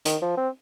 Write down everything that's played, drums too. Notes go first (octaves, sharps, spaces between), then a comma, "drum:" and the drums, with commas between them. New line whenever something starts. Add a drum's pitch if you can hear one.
D#3, drum: hi-hat
F3
C4